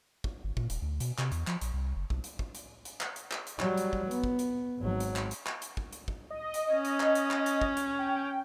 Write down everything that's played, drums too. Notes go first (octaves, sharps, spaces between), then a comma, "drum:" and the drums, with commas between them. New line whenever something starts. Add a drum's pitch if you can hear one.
drum: kick
G1
A#2, drum: kick
D#1, drum: hi-hat
D2
B2, drum: hi-hat
C3, drum: clap
E2, drum: hi-hat
F3, drum: clap
A#1, drum: hi-hat
C2
F#1
B1, drum: kick
drum: hi-hat
drum: kick
drum: hi-hat
drum: hi-hat
drum: clap
drum: hi-hat
drum: clap
drum: hi-hat
F#3 G3, drum: clap
drum: hi-hat
drum: kick
B3, drum: hi-hat
drum: kick
drum: hi-hat
G#1 F#3
drum: hi-hat
drum: clap
drum: hi-hat
drum: clap
drum: hi-hat
drum: kick
drum: hi-hat
drum: kick
D#5
drum: hi-hat
C#4
drum: hi-hat
drum: clap
drum: hi-hat
drum: clap
drum: hi-hat
drum: kick
drum: hi-hat
G5